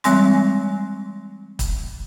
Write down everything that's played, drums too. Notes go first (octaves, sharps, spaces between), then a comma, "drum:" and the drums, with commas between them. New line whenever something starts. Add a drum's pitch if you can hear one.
E3 G3 G#3 C4 G#5 C6, drum: hi-hat
drum: kick, hi-hat